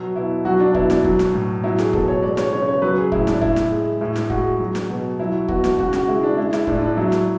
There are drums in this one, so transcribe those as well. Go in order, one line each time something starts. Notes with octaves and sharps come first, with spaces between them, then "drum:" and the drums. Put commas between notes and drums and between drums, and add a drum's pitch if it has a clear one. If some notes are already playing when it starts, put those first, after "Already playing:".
Already playing: B2 F#3
B2 E4
F#3 F#4
D4
B2 E4, drum: kick
D4, drum: snare
F#3, drum: kick
drum: snare
A2
F#3 E4
G#4, drum: snare
B2 A4, drum: kick
C#5
G#3 D5
C#5, drum: snare
C#3 C#5
C#5
F#3 B4
G#4
A2 E4, drum: kick
D4, drum: snare
A2 E4, drum: kick
drum: snare
G#3
A2 E4
drum: snare
G#3 F#4, drum: kick
F#3
drum: snare
B2
F#3 E4
B2 F#4, drum: kick
drum: snare
C#3 F#4, drum: kick
F#4, drum: snare
G#3 E4
D4
G#3 E4
E4, drum: snare
A2 D4, drum: kick
D4
F#3 E4
drum: snare